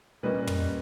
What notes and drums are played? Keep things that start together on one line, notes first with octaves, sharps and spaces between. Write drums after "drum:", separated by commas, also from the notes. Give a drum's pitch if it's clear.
A#2 G3 A#3 C#4 B4 D#5
drum: tom